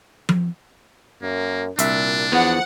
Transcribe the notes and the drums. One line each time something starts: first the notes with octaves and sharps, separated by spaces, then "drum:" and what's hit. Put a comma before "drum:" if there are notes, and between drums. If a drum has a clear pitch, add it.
drum: tom F3
F#2 A#3
C2 A#2 D4 E5, drum: hi-hat
E2 F3 B3 F#5